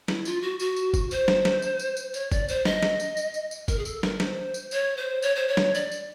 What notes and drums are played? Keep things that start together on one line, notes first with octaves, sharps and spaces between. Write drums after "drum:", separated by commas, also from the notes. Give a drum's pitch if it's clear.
E4, drum: snare
F4, drum: tambourine
F#4
F#4, drum: tambourine
drum: tambourine
drum: kick, tambourine
C5, drum: tambourine
drum: snare
drum: snare
drum: tambourine
drum: tambourine
drum: tambourine
C#5, drum: tambourine
D5, drum: kick, tambourine
C5, drum: tambourine
D#5, drum: snare
drum: snare
drum: tambourine
drum: tambourine
drum: tambourine
drum: tambourine
A#4, drum: kick, tambourine
G#4
A4, drum: tambourine
A#4, drum: snare
C5, drum: snare
drum: tambourine
C#5, drum: tambourine
C5
C#5, drum: tambourine
C5
C#5
drum: snare
D5, drum: tambourine
drum: tambourine